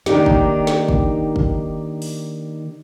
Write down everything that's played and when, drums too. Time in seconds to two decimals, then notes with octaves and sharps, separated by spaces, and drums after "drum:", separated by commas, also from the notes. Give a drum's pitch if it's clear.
0.06 D#3 A#3 D4 D#4 G4, drum: snare
0.26 drum: kick
0.67 drum: snare
0.89 drum: kick
1.36 drum: kick
2.02 drum: open hi-hat